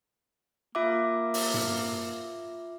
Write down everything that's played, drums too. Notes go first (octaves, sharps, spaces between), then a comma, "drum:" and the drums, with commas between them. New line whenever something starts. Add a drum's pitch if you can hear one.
A#3 F4 E5 D6
drum: open hi-hat
drum: tom